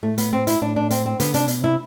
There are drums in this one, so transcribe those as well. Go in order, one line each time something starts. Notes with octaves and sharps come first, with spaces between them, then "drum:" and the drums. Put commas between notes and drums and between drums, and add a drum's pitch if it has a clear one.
A2 A3
B3, drum: hi-hat
C4
E4, drum: hi-hat
A2 D4
D4
C4, drum: hi-hat
C4
D3 B3, drum: hi-hat
C3 D4, drum: hi-hat
B2, drum: hi-hat
C3 E4